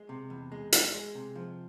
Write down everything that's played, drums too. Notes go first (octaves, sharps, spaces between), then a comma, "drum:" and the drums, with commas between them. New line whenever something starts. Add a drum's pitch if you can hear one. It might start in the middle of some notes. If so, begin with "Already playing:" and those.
Already playing: G#3
C3
E2
G#3
G#3, drum: hi-hat
G#3
C3
F3